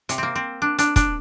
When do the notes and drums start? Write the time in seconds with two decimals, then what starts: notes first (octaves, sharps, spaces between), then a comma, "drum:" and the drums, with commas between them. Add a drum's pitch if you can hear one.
0.09 C3, drum: hi-hat
0.18 A#3 C4
0.35 C4
0.62 D4
0.78 D4, drum: hi-hat
0.96 D4, drum: kick, hi-hat